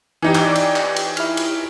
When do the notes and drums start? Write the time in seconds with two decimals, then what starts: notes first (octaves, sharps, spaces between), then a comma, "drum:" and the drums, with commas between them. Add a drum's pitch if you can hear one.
0.22 E3 D#4 G4
0.35 drum: clap
0.45 D5
0.56 drum: cymbal
0.76 drum: clap
0.96 drum: cymbal
1.17 E4 F6, drum: cymbal
1.37 drum: cymbal